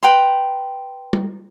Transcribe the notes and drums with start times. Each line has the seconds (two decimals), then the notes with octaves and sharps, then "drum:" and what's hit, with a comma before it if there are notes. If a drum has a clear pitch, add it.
0.03 B4 G5 A#5 C6
1.13 drum: tom G3